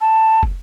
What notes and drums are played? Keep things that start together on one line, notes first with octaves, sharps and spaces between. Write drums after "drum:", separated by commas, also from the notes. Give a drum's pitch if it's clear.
A5
drum: kick